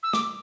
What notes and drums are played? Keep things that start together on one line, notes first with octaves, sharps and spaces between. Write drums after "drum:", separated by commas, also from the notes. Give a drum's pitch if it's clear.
E6
D6, drum: snare